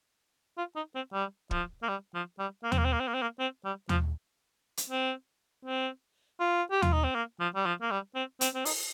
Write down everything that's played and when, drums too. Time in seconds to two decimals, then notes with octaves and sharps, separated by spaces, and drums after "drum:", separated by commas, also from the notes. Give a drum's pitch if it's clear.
0.58 F4
0.76 D#4
0.95 C4
1.13 G3
1.51 F3, drum: kick
1.83 A#3
1.89 G3
2.14 F3
2.39 G3
2.64 A#3
2.72 C4, drum: tom D#2
2.78 A#3
2.85 C4
2.93 A#3
3.00 C4
3.08 A#3
3.14 C4
3.22 A#3
3.39 C4
3.65 G3
3.89 F3, drum: tom D#2
4.77 drum: hi-hat
4.90 C4
5.65 C4
6.40 F4
6.71 G4
6.82 F4, drum: tom D#2
6.93 D#4
7.04 C4
7.15 A#3
7.40 F3
7.55 G3
7.66 F3
7.81 A#3
7.91 G3
8.15 C4
8.41 C4, drum: hi-hat
8.55 C4
8.65 D#4, drum: open hi-hat